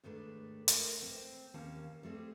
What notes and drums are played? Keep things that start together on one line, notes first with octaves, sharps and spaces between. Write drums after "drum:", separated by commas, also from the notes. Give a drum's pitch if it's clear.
D#2 G#2 A3 D4 B4
A#4, drum: hi-hat
C4
D#2 A#3 C#4 A5
G3 A3 C4 G#4